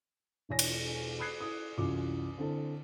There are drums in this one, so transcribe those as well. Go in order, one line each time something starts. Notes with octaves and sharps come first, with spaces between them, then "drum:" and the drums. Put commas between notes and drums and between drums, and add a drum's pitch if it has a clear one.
E1 E3 D4 C#5 G#5 A#6
drum: cymbal
B5 D#6 F#6 G#6 C7 C#7
E4 D#6
C2 F#2 E3 C#4 F4 D6
D3 C4 E4 A4 A5